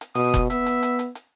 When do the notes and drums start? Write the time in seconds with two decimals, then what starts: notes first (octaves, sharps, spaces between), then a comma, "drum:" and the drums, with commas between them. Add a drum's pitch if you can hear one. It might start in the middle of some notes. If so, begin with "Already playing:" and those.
0.01 drum: hi-hat
0.15 B2 D#6, drum: hi-hat
0.34 drum: kick F1, hi-hat
0.50 B3 E5, drum: hi-hat
0.66 drum: hi-hat
0.83 drum: hi-hat
0.99 drum: hi-hat
1.15 drum: hi-hat